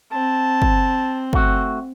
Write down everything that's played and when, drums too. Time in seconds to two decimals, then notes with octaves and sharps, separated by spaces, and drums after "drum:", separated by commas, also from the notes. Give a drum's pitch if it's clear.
0.12 C4 A5
0.62 drum: kick
1.33 A3 F#4, drum: kick